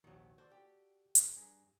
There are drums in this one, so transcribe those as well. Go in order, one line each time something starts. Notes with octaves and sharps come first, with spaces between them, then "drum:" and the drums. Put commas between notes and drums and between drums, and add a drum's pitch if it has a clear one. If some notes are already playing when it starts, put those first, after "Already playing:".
A#1 D#2 C3 D#3 F#3
F#4 A4 C5 D5
G4
drum: hi-hat
G2 G#4 A#5